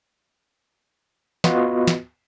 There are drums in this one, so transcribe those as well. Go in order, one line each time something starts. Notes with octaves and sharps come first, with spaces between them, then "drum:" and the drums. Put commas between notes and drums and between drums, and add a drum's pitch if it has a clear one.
B3 F4 F#4 B4 D#5, drum: snare
drum: snare